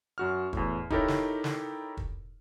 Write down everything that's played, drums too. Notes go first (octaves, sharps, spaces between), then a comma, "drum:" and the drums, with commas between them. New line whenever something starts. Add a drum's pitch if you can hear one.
F#2 F#4 F6
E2 A2, drum: kick
D#4 E4 G4 A4 A#4 C#5, drum: kick
drum: snare
drum: snare
drum: kick